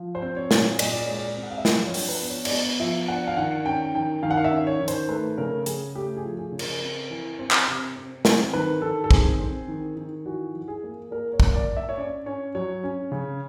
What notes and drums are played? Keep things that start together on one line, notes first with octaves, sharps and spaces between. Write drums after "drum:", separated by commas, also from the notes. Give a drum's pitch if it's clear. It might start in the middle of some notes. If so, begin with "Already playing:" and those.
Already playing: F3
C5
C4
C#5
A#2, drum: snare
C#5
A#2 D#5, drum: cymbal
D5
G#3 C#5
D5
C4
F#5
F5
E5
F3 D#5, drum: snare
C#5
D4, drum: open hi-hat
B4
B3
C#5
D5, drum: cymbal
B3 D#5
F3 E5
D4 F#5
F5
D#3 F#5
C#4 G5
D#3 G5
D#3 F5
F#5
F5
E5
C#4
C#5
D#3
C5, drum: hi-hat
A3 B4
C#3 A#4
C#3 G#4, drum: hi-hat
A3 G4
G#4
F3
G#4
C#3
A#4, drum: cymbal
C4
E3
C4
drum: clap
C3
C4
C4, drum: snare
D#3 B4
D#3 A4
A4
C4 G#4, drum: kick
C4
D#3
D#3
E3 F#4
E3
G#4
A#3
A#3 A#4
C#5
A#3, drum: kick
D5
A#3
E5
C#5
C#4 D5
C#4 C#5
F#3 C#5
C#4
C#3